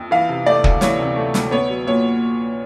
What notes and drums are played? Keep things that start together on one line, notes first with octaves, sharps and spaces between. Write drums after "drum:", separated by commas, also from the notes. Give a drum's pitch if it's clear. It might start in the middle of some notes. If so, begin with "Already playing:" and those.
Already playing: F2
E3 F5
C3
A3 D5
D2, drum: kick
E3 C#5, drum: snare
C3
A3
D2, drum: snare
B3 C#5
F#3
A#2 C#5